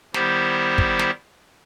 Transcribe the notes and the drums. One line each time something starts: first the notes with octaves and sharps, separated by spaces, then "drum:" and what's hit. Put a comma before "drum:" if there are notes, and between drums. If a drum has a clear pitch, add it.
D#3 G3 B3 E4 G4 C5, drum: snare
drum: kick
drum: snare